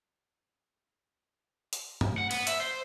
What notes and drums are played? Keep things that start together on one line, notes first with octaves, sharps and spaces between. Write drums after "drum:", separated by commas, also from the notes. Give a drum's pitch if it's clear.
drum: hi-hat
drum: tom G2
F#5
B3, drum: cymbal
E5, drum: hi-hat
C5